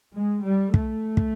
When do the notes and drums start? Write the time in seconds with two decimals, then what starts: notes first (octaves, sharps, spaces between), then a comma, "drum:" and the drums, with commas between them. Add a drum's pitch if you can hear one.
0.17 G#3
0.45 G3
0.74 A3, drum: kick
1.17 drum: kick